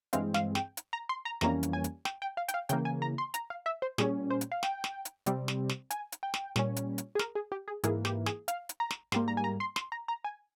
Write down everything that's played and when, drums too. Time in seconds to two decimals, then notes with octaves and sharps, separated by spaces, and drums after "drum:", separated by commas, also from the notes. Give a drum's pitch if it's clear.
0.13 G2 E3 G#3 C4 F5, drum: hi-hat
0.34 F5, drum: snare
0.55 G5, drum: snare
0.77 drum: hi-hat
0.93 A#5
1.09 C6
1.25 A#5
1.41 F2 E3 G3 A#3 C#4 A#5, drum: snare
1.63 drum: hi-hat
1.73 G#5
1.84 drum: hi-hat
2.05 G5, drum: snare
2.22 G5
2.37 F5
2.48 G5, drum: hi-hat
2.54 F5
2.69 C#3 E3 A#3 G5, drum: hi-hat
2.85 G#5
3.02 A#5
3.18 C6
3.34 A#5, drum: hi-hat
3.50 F5
3.66 E5
3.82 C5
3.98 A#2 G3 C#4 G#4, drum: snare
4.30 C5
4.41 drum: hi-hat
4.52 F5
4.63 G5, drum: snare
4.84 drum: snare
5.05 drum: hi-hat
5.26 C3 G3 C4, drum: hi-hat
5.48 drum: snare
5.69 drum: snare
5.91 G#5, drum: hi-hat
6.12 drum: hi-hat
6.23 G5
6.34 drum: snare
6.56 A#2 G3 C#4, drum: snare
6.76 drum: hi-hat
6.98 drum: hi-hat
7.15 G#4
7.19 A#4, drum: snare
7.35 G#4
7.52 G4
7.68 G#4
7.83 G#2 E3 A#3 G#4, drum: hi-hat
8.05 G4, drum: snare
8.26 G#4, drum: snare
8.48 F5, drum: hi-hat
8.69 drum: hi-hat
8.80 A#5
8.91 drum: snare
9.12 G#2 G3 A#3 C6, drum: snare
9.28 A#5
9.37 G#5
9.44 A#5
9.60 C6
9.76 C6, drum: snare
9.92 A#5
10.08 A#5
10.24 G#5